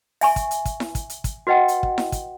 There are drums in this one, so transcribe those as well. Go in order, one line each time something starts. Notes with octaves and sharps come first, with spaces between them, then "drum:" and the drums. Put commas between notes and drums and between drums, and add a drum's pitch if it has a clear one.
E5 G#5 C#6, drum: open hi-hat
drum: kick, hi-hat
drum: hi-hat
drum: kick, hi-hat
drum: snare E4
drum: kick, hi-hat
drum: hi-hat
drum: kick, hi-hat
F#4 B4 D#5 F#5 G5
drum: hi-hat
drum: kick
drum: snare E4
drum: kick, hi-hat